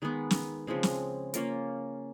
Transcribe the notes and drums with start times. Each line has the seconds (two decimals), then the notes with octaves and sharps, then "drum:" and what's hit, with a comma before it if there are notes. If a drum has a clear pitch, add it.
0.02 D#3 G#3 B3
0.31 drum: snare
0.67 C#3 F3 G#3 C4
0.83 drum: snare
1.34 A#3 C#4 F4 A#4, drum: hi-hat